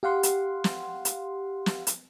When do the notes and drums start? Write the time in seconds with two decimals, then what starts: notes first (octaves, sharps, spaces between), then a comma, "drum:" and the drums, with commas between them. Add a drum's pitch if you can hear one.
0.03 G4 F5 F#5 C6
0.23 drum: hi-hat
0.64 drum: snare
1.05 drum: hi-hat
1.66 drum: snare
1.87 drum: hi-hat